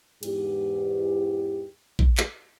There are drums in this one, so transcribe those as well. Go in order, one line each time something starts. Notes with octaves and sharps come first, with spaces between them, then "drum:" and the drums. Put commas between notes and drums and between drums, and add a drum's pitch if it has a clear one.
E2 G#2 G4, drum: cymbal
drum: kick
drum: clap